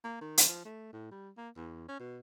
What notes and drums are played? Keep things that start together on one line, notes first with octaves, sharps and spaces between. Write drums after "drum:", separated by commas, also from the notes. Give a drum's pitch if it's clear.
A#3
D#3
drum: hi-hat
F3
A3
A2
G3
A#3
E2
C#4
B2